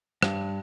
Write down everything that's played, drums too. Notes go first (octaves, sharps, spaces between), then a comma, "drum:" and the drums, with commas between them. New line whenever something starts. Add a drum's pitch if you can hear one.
G2, drum: rim click